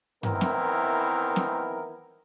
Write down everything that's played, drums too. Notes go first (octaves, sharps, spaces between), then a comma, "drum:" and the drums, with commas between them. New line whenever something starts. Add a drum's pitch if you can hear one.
D#3 E3 B3 C4 E4 A#4, drum: tom G2
drum: snare
drum: snare